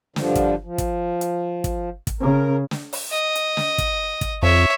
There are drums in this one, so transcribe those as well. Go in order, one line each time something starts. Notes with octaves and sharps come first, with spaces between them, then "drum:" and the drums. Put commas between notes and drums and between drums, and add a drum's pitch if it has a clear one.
G2 D3 F3, drum: snare
drum: kick, hi-hat
F3
drum: kick, hi-hat
drum: hi-hat
drum: kick, hi-hat
drum: kick, hi-hat
C#3 A#4
drum: snare
drum: open hi-hat
D#5
drum: hi-hat
drum: snare
drum: kick, hi-hat
drum: kick, hi-hat
F2 C#5 E5